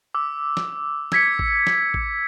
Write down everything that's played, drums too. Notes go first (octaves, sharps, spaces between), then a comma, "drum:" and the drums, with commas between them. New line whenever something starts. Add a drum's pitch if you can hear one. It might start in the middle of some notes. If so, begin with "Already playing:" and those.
D6 E6
drum: snare
E6 G#6 B6 C#7, drum: snare
drum: kick G#1
drum: snare
drum: kick G#1